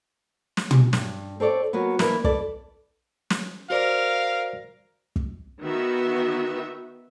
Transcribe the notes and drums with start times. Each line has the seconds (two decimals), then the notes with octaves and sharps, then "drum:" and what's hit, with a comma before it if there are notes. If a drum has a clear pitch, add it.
0.57 drum: snare
0.71 drum: tom
0.93 G2, drum: snare
1.40 C4 A4 C#5 D5
1.73 F#3 A#3 B3
1.99 E3 A#3 D4 E4 A#4, drum: snare
2.24 E4 A4 D5, drum: kick
3.30 drum: snare
3.70 F#4 A#4 C5 D5 F5
5.16 drum: kick
5.61 D#3 B3 F#4 E5